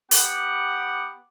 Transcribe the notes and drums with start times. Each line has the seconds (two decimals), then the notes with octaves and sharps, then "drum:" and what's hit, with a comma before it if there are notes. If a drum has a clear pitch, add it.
0.11 B3 G4 F#5 D6, drum: open hi-hat